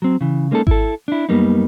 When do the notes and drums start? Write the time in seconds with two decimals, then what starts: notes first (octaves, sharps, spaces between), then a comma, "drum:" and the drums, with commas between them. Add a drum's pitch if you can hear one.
0.02 F#3 C4
0.21 C#3 E3
0.51 G#3 A#3 C#4 D#4 G4 A4
0.67 E4 A4, drum: kick G#1
1.08 D4 E4
1.29 F#2 G3 A#3 B3 D#4